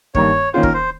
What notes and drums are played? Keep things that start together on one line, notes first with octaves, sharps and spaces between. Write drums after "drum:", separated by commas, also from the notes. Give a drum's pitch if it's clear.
G2 D#3 A#3 C#5, drum: kick
D#3 A#3 C#4 F4 C5
A#4, drum: kick
C5